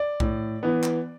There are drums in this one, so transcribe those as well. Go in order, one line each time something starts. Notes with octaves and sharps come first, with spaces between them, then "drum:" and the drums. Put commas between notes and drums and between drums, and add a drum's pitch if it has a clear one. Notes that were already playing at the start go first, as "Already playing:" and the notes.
Already playing: D5
A2, drum: kick B1
E3 B3
drum: clap